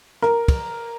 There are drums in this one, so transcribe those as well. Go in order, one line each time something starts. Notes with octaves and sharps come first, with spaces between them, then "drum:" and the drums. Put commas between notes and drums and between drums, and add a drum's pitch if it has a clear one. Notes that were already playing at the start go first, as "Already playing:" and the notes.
A#4, drum: rim click
drum: kick, cymbal